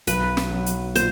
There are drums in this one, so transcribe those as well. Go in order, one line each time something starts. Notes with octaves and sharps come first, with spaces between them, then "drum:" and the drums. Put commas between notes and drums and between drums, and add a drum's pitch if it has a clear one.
B1 B4, drum: hi-hat
drum: snare
F#3
drum: hi-hat
A#2 C5, drum: hi-hat